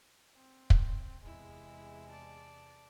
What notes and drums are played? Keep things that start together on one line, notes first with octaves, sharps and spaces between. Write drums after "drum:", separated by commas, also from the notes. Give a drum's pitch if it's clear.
C4
drum: kick
E2 C3 G#3 E4
D5 A5